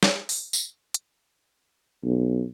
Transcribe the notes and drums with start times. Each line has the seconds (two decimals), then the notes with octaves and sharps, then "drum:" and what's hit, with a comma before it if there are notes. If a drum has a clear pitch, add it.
0.03 drum: snare
0.29 drum: open hi-hat
0.53 drum: tambourine
0.94 drum: hi-hat
2.04 B1